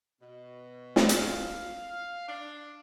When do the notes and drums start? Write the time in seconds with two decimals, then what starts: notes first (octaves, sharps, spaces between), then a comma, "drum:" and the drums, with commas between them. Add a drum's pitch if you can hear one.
0.21 B2
0.96 drum: snare
1.09 F5, drum: hi-hat
2.28 D4